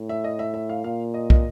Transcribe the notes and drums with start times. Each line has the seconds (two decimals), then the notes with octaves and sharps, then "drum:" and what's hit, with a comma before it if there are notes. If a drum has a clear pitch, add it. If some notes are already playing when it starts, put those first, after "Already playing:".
Already playing: A2
0.09 E5
0.24 D#5
0.39 E5
0.54 E5
0.69 F5
0.84 A#2 F5
1.14 D#5
1.30 D#5, drum: kick